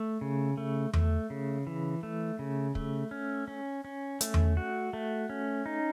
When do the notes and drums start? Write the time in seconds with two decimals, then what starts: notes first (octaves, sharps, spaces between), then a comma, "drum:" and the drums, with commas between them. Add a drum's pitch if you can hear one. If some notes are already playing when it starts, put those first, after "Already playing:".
Already playing: A3
0.21 C#3
0.57 A3
0.94 A3, drum: tom E2
1.30 C#3
1.67 E3
2.03 A3
2.39 C#3
2.75 A3, drum: kick
3.11 C#4
3.48 C#4
3.85 C#4
4.21 A3, drum: hi-hat
4.34 drum: tom E2
4.57 F#4
4.93 A3
5.29 C#4
5.66 D#4